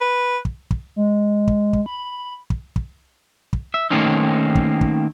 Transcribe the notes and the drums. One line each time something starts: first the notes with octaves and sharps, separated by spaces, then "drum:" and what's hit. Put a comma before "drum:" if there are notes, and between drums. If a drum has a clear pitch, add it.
B4
drum: kick
drum: kick
G#3
drum: kick
drum: kick
B5
drum: kick
drum: kick
drum: kick
E5
D#3 A3 A#3 C4 C#4 D#4
drum: kick
drum: kick